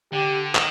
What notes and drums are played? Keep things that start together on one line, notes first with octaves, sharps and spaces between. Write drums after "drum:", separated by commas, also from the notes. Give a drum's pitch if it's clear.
D3 G4
D#3, drum: clap